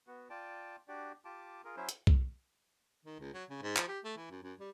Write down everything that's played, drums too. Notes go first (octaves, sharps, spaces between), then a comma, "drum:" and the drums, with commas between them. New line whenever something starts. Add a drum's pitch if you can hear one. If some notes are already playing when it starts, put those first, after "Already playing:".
B3 F#4
F4 D5 G5 A5
D4 F#4 G4 D5
F4 G4 A5 D6
F4 G#4 A#4
F#3 C#4 E4 C5
drum: hi-hat
drum: kick B1
D#3
C#2
F#3
C#3
G#2
F3, drum: clap
G4
A3
E3
F#2
F#2
G3